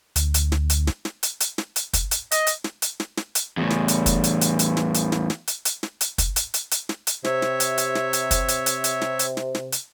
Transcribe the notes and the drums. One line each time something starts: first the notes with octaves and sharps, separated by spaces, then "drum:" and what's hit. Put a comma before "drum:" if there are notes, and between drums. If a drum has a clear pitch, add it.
D2, drum: hi-hat
drum: hi-hat
drum: snare
drum: hi-hat
drum: snare
drum: snare
drum: hi-hat
drum: hi-hat
drum: snare
drum: hi-hat
drum: kick, hi-hat
drum: hi-hat
D#5, drum: hi-hat
drum: hi-hat
drum: snare
drum: hi-hat
drum: snare
drum: snare
drum: hi-hat
E2 A2
drum: snare
drum: hi-hat
drum: kick, hi-hat
drum: hi-hat
drum: hi-hat
drum: hi-hat
drum: snare
drum: hi-hat
drum: snare
drum: snare
drum: hi-hat
drum: hi-hat
drum: snare
drum: hi-hat
drum: kick, hi-hat
drum: hi-hat
drum: hi-hat
drum: hi-hat
drum: snare
drum: hi-hat
C3 C#5 E5, drum: snare
drum: snare
drum: hi-hat
drum: hi-hat
drum: snare
drum: hi-hat
drum: kick, hi-hat
drum: hi-hat
drum: hi-hat
drum: hi-hat
drum: snare
drum: hi-hat
drum: snare
drum: snare
drum: hi-hat